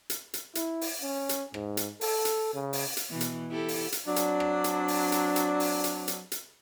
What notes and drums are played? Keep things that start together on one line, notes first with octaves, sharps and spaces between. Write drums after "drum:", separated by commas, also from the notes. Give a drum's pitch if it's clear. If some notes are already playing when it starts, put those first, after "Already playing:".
drum: hi-hat
drum: hi-hat
E4, drum: hi-hat
drum: open hi-hat
C#4
drum: hi-hat
G#2, drum: rim click
drum: hi-hat
A4, drum: open hi-hat
drum: hi-hat
C#3
drum: open hi-hat
drum: hi-hat
B2 E3
drum: hi-hat
E4 G4 A4
drum: open hi-hat
drum: hi-hat
F#3 C4 D4
drum: hi-hat
drum: rim click
drum: hi-hat
drum: open hi-hat
drum: hi-hat
drum: hi-hat
drum: open hi-hat
drum: hi-hat
drum: hi-hat
drum: hi-hat